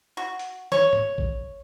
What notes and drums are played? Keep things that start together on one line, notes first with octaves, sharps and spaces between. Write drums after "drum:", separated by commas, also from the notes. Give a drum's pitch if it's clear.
F#4
drum: hi-hat
C#5, drum: snare
drum: tom
drum: kick A1